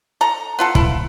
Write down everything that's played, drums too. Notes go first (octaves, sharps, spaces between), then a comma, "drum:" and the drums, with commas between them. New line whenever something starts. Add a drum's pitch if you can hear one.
A4 A#5
B3 F4 A4
E4, drum: kick